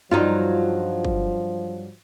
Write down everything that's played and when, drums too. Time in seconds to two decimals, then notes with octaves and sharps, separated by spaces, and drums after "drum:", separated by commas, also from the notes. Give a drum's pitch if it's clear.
0.11 G2 F3 F#3 D#4 F4
1.05 drum: kick